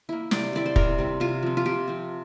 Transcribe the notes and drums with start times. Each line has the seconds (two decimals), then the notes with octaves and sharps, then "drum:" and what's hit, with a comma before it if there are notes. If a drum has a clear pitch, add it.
0.09 A#3 E4
0.31 C3 D5, drum: snare
0.53 G3 C4 E4 D5
0.66 C5
0.76 C3 A#4, drum: kick
0.98 G3 C4 E4
1.20 C3 F4
1.43 F3 C4
1.57 F4
1.66 C3 G4
1.88 F3 C4